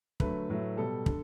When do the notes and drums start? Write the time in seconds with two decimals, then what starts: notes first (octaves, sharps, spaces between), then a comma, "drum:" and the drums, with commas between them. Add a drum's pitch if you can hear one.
0.20 D3 F#3 A3 B4, drum: kick
0.49 A2 F#3 A3
0.77 B2 G3 A4
1.06 D3, drum: kick